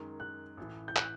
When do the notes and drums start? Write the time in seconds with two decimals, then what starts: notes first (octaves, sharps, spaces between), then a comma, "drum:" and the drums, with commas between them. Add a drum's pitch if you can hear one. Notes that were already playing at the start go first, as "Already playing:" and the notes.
Already playing: F#2 D#3 G#3
0.20 F#6
0.57 A1 A2 E3
0.88 G6
0.96 F#6, drum: clap